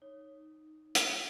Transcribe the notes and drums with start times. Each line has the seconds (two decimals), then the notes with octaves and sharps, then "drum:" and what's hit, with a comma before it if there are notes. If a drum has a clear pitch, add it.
0.02 D#4 C#5
0.95 drum: hi-hat